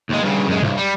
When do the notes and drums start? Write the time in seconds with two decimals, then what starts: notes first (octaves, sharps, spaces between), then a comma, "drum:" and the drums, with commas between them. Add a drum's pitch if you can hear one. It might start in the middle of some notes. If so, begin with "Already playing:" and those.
0.09 D#2 G#3
0.22 G2 C#3
0.48 F#2 G#3
0.62 C2 G2, drum: tom
0.78 G3